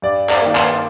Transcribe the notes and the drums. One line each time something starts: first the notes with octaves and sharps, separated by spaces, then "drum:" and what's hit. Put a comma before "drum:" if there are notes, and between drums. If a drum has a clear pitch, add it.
G2 D5
D5, drum: clap
D#3 A#3
C6, drum: clap